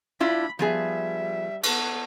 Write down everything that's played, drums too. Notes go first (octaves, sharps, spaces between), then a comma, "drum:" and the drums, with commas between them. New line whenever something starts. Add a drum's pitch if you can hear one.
D4 E4 F4 B5
F3 G3 B3 G#4 E5
B3 A4, drum: cymbal